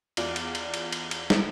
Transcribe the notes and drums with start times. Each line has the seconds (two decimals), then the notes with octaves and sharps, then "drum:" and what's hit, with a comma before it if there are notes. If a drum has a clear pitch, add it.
0.17 E2 F4 D5, drum: cymbal
0.36 drum: cymbal
0.55 drum: cymbal
0.74 drum: cymbal
0.92 drum: cymbal
1.11 drum: cymbal
1.30 drum: snare